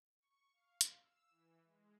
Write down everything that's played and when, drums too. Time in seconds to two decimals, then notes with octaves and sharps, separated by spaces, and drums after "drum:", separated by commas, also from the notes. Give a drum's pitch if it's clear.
0.21 C#6
0.53 F5
0.81 drum: hi-hat
0.97 E6
1.30 E3
1.64 G#3